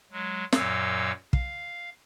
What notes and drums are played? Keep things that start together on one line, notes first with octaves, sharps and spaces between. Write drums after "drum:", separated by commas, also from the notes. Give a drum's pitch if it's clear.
F#3 G#3
F#2 A#2 F#3 F5 E6, drum: snare
F5, drum: kick